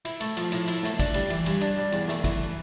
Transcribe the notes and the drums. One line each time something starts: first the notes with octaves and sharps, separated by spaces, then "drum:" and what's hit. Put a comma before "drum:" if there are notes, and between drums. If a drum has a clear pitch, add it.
E4, drum: cymbal
A3, drum: cymbal
F3, drum: cymbal
A2, drum: cymbal
E4, drum: cymbal
A3, drum: snare
D4, drum: kick, cymbal
G3, drum: cymbal
E3, drum: cymbal
G2, drum: cymbal
D4, drum: cymbal
G3
E2, drum: cymbal
A3, drum: snare
E3, drum: kick, cymbal